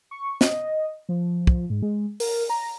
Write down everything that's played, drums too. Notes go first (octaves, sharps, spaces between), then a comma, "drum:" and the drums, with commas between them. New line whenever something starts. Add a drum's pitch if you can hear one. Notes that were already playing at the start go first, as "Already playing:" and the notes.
C#6
D#5, drum: snare
F3
drum: kick
G#2
G#3
A#4, drum: open hi-hat
A#5